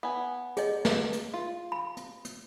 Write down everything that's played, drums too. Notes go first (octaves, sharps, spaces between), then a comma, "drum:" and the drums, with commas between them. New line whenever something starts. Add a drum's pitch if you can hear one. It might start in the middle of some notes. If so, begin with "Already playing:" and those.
B3 G#5
G#4 C#5 D#5, drum: hi-hat
drum: snare
drum: hi-hat
F4
B5
drum: hi-hat
drum: hi-hat